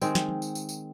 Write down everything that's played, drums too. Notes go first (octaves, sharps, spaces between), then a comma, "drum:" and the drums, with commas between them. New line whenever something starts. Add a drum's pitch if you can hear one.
D#3 G#3 C4, drum: tambourine
drum: snare
drum: tom F3
drum: tambourine
drum: tambourine
drum: tambourine